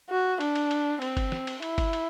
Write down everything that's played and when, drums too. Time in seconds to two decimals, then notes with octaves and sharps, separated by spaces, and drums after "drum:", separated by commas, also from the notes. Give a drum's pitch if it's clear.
0.09 F#4
0.41 D4, drum: cymbal
0.55 drum: cymbal
0.71 drum: cymbal
1.02 C4, drum: cymbal
1.17 drum: kick G1, cymbal
1.32 drum: snare
1.47 drum: cymbal
1.62 E4, drum: cymbal
1.78 drum: kick G1, cymbal
1.93 drum: cymbal